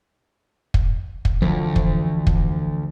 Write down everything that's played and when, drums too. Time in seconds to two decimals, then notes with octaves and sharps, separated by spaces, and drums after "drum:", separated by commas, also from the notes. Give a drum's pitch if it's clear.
0.74 drum: kick
1.25 drum: kick
1.42 D2 E3 F3
1.76 drum: kick
2.27 drum: kick